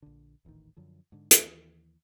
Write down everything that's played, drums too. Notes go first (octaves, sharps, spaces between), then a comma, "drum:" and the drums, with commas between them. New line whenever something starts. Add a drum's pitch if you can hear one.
A#1 D3
D#1 A1 D2 D#3
F#2 D3 F3
G#2 D3
D#2 E3, drum: hi-hat